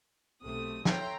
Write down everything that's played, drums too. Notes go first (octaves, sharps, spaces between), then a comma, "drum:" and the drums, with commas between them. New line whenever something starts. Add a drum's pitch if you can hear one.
B1 C3 A3 D#6
A4 C#5 E5 G5 A#5 C6, drum: snare